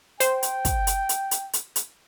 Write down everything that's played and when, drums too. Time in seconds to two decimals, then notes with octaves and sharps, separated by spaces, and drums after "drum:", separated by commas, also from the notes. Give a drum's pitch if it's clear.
0.20 C5 G5, drum: hi-hat
0.43 drum: hi-hat
0.65 drum: kick, hi-hat
0.87 drum: hi-hat
1.09 drum: hi-hat
1.31 drum: hi-hat
1.53 drum: hi-hat
1.76 drum: hi-hat